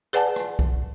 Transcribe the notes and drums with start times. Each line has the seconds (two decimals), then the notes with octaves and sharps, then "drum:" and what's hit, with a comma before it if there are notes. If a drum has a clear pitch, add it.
0.13 G#4 B4 D5 F#5 G#5 A5
0.36 drum: rim click
0.59 drum: kick